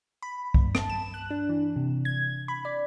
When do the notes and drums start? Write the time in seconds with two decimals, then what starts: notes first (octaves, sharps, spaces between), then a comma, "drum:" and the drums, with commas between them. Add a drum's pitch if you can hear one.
0.22 B5
0.54 G2, drum: kick
0.75 A5, drum: rim click
0.90 E7
1.14 F#6
1.30 D4
1.49 E3
1.76 C3
2.05 G#6
2.48 B5
2.65 D5